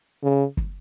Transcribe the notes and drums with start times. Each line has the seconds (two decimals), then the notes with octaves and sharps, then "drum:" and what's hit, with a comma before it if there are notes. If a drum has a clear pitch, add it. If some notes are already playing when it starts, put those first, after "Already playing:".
0.23 C#3
0.57 drum: kick